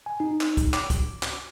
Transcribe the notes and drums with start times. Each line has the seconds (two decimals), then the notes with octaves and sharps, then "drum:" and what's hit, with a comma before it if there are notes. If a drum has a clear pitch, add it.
0.06 G#5
0.20 D#4
0.41 drum: clap
0.57 drum: kick, hi-hat
0.74 D6, drum: clap
0.90 drum: kick, hi-hat
1.23 drum: clap